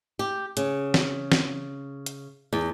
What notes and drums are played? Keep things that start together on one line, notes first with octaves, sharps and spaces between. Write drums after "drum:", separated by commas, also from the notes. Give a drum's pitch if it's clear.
G4
C#3, drum: hi-hat
drum: snare
drum: snare
drum: hi-hat
E2